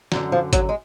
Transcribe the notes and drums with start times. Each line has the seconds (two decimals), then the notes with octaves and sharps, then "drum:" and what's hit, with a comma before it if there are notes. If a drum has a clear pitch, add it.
0.12 F#2 D3, drum: snare
0.32 F3
0.53 F#3, drum: kick G#1, hi-hat
0.69 G#3